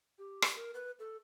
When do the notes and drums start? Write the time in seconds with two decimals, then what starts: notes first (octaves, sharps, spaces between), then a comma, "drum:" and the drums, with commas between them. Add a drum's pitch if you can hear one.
0.19 G4
0.42 drum: rim click
0.56 A#4
0.74 B4
0.99 A4